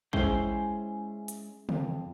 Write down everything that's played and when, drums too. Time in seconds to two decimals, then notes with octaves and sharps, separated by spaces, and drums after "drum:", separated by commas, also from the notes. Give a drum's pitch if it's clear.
0.13 G#3 C#4 E4 G#4 C5 G5, drum: kick
1.28 drum: hi-hat
1.69 F2, drum: tom